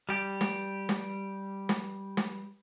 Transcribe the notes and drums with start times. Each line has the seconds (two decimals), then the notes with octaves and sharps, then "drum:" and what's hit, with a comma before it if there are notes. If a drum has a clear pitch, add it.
0.09 G3 G4
0.41 drum: snare
0.89 drum: snare
1.69 drum: snare
2.17 drum: snare